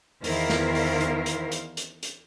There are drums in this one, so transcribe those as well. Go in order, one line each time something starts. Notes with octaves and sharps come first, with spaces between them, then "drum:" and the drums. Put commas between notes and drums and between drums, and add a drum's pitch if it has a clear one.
E2 D#3 E4 A#4 C5 F5, drum: open hi-hat
drum: snare
drum: open hi-hat
drum: hi-hat
drum: hi-hat
drum: hi-hat
drum: hi-hat
drum: hi-hat